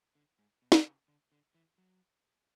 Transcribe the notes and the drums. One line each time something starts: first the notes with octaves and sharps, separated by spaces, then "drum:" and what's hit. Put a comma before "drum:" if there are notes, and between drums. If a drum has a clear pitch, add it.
D3
G#2
B2
drum: snare
C#3
D3
D3
E3
F#3